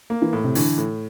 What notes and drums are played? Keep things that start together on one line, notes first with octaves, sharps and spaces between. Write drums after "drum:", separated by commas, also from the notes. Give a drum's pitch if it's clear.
A#3
E3
A2
C3
D3 E3, drum: open hi-hat
A2